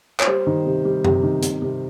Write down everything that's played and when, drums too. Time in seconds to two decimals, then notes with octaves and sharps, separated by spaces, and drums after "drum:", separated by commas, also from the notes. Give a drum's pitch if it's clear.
0.20 C#5, drum: clap
0.27 G3 C5
0.47 D#3
0.65 C3
0.85 G3
1.05 C3, drum: tom F#2
1.23 D#3
1.43 C3, drum: hi-hat
1.62 C3